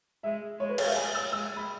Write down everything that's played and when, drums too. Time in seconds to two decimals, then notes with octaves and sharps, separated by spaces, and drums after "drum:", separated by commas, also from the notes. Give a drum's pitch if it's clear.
0.23 G#3 E5
0.59 G#3 C#5
0.69 B4
0.78 C#5, drum: cymbal
0.87 E5
0.96 G#5
1.15 E6
1.32 G#3 E6
1.57 B5